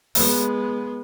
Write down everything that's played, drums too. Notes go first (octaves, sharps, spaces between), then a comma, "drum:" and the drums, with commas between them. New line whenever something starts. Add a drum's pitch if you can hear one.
G#3 B3, drum: open hi-hat